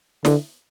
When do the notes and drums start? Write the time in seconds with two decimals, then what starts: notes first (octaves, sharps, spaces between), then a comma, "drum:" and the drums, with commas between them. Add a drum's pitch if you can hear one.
0.25 D3, drum: snare